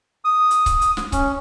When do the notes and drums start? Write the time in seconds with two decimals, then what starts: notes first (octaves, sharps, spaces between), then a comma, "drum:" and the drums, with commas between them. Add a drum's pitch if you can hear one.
0.25 D#6
0.51 drum: hi-hat
0.66 drum: kick C#1, hi-hat
0.81 drum: hi-hat
0.97 drum: snare
1.12 C#4, drum: kick C#1, hi-hat